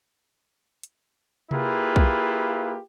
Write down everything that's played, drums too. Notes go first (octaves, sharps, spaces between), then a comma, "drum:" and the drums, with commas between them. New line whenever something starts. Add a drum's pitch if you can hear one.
drum: hi-hat
A#3 E4 F4 G4 G#4 B4, drum: tom C3
drum: kick B1